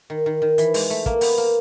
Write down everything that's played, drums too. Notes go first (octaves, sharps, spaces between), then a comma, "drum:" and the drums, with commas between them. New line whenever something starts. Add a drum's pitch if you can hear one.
D#3
D#3
D#3
E3, drum: hi-hat
G#3, drum: open hi-hat
A3
A#3, drum: kick
B3, drum: open hi-hat
A#3